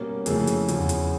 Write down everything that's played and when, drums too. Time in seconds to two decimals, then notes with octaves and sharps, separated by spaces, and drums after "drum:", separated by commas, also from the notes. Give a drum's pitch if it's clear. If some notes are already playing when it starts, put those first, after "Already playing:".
Already playing: B2 G3 A#3 C#4 A#4
0.26 F2 C#3 E3 A3 G#4, drum: hi-hat
0.47 drum: hi-hat
0.68 E2 C#3 F3, drum: hi-hat
0.89 drum: hi-hat